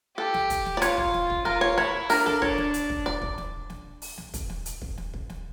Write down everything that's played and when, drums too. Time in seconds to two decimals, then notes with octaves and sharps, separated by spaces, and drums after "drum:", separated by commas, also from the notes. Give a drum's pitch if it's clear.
0.17 G4 A4
0.34 drum: snare
0.50 drum: kick, hi-hat
0.66 drum: snare
0.77 D5
0.81 F4 C#5, drum: hi-hat
0.98 drum: kick
1.14 drum: snare
1.30 drum: kick
1.45 F4 A#4, drum: snare
1.61 C#5
1.77 E4 C#5, drum: snare
2.09 D4 A#4, drum: open hi-hat
2.26 A4, drum: snare
2.42 D4 C#5, drum: kick
2.58 drum: snare
2.74 drum: hi-hat
2.90 drum: kick
3.06 D5, drum: snare
3.22 drum: kick
3.38 drum: snare
3.70 drum: snare
4.02 drum: open hi-hat
4.18 drum: snare
4.34 drum: kick, hi-hat
4.50 drum: snare
4.66 drum: hi-hat
4.82 drum: kick
4.98 drum: snare
5.14 drum: kick
5.30 drum: snare